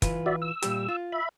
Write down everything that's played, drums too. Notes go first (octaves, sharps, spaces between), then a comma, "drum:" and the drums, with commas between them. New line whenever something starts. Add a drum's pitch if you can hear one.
E3 F4 B4, drum: kick, hi-hat
F#4 D5 E5
E6
A#2 G3 G4, drum: hi-hat
F4
E5 B5